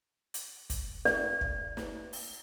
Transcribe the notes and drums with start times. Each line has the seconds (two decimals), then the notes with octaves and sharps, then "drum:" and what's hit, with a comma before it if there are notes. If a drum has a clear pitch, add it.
0.34 drum: hi-hat
0.70 drum: kick, hi-hat
1.05 D5, drum: snare
1.41 drum: kick
1.77 drum: snare
2.13 drum: open hi-hat